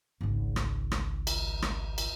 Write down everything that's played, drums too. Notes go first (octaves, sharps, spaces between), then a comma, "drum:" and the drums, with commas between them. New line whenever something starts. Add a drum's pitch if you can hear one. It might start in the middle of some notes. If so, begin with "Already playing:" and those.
G#1 C#2
drum: rim click
drum: rim click
drum: cymbal
drum: rim click
drum: cymbal